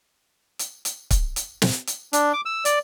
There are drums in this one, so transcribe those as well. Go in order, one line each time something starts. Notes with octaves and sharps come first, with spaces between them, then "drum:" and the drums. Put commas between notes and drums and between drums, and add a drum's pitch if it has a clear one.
drum: hi-hat
drum: hi-hat
drum: kick C#1, hi-hat
drum: hi-hat
drum: snare
drum: hi-hat
D4, drum: hi-hat
D6
E6
D5, drum: hi-hat